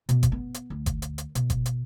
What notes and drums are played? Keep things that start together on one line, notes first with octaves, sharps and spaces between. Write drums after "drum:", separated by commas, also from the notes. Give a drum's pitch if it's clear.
B2, drum: hi-hat
drum: kick G1, hi-hat
B3
drum: hi-hat
D2
drum: kick G1, hi-hat
drum: hi-hat
drum: hi-hat
B2, drum: hi-hat
drum: kick G1, hi-hat
drum: hi-hat